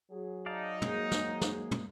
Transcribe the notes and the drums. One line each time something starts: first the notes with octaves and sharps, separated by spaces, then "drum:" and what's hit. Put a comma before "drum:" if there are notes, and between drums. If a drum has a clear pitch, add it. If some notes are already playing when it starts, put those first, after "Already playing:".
F#3 G#4
D#4 D5 F5 A5
G#3 A#3 C5, drum: tom
drum: snare
drum: snare
drum: tom